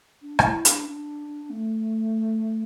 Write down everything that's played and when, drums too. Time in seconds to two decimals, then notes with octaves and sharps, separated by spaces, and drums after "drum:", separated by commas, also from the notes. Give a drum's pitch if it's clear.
0.22 D4
0.39 D4, drum: rim click
0.43 E4
0.65 D4, drum: hi-hat
0.86 D4
1.50 A3